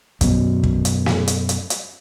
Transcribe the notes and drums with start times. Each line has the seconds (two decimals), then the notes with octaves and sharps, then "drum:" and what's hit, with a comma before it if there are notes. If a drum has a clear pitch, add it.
0.21 F#2 B2, drum: kick, hi-hat
0.64 drum: kick
0.85 drum: hi-hat
1.06 drum: snare
1.28 drum: hi-hat
1.49 drum: hi-hat
1.70 drum: hi-hat